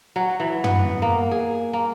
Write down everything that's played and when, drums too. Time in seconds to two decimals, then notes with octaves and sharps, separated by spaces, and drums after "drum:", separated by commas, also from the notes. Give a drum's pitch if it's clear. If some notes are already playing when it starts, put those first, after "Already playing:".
0.16 F#3
0.40 E3
0.64 B3, drum: tom
1.02 A#3
1.31 G#4
1.73 A#3